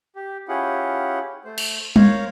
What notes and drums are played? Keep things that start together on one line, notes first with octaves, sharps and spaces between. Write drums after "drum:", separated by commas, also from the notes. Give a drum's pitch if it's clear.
G4
C#4 E4 F4 G4 G#4 F#5
A3 C5
drum: cymbal
A#4 C5 C#5 F5 A#5, drum: tom G3